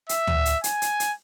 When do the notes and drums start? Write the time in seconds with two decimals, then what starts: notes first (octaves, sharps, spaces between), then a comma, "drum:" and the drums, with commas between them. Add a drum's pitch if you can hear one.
0.09 E5, drum: hi-hat
0.27 drum: tom
0.45 drum: hi-hat
0.64 G#5, drum: hi-hat
0.82 drum: hi-hat
1.00 drum: hi-hat